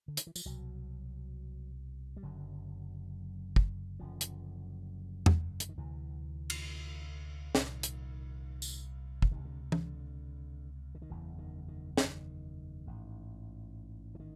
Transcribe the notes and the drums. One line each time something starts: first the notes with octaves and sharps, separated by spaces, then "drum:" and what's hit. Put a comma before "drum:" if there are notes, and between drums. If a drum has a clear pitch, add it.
D3
D#3, drum: hi-hat
E3
F3, drum: tambourine
C2 B2 F#3
G3
F#1 F#2 D3 F#3
drum: kick
F#1 F#2 D3 F3
drum: hi-hat
drum: tom E2
D3, drum: hi-hat
D#3
D2 C3 E3
drum: cymbal
C2 A#2 D#3, drum: snare
drum: hi-hat
drum: tambourine
drum: kick
C#2 C3 D#3
D3
D3, drum: tom
D3
D#3
F#1 E2 C#3 E3
D#3
D#3
D#3, drum: snare
A1 G#2
E3
D#3